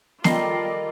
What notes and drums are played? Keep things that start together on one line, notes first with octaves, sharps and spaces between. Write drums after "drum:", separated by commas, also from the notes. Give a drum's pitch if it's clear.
D#3 G3 F4 A4 D5 D#5 C7, drum: snare